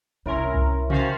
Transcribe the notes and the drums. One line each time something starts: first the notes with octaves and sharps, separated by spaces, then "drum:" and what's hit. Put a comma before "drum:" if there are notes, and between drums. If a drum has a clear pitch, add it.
C2 C3 C#4 E4 A#4 C#5 E5 C6
drum: kick C2
D#3 C#4 F#4 C5 F5 A5, drum: tom C3